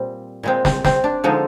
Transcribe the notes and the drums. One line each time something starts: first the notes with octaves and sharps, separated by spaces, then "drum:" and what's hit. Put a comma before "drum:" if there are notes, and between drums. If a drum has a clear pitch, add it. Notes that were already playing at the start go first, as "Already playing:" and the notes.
Already playing: A#2 G3 C4
A#2 G#3 C4
C4, drum: snare
C4, drum: snare
D4
D3 F3 G#3 D#4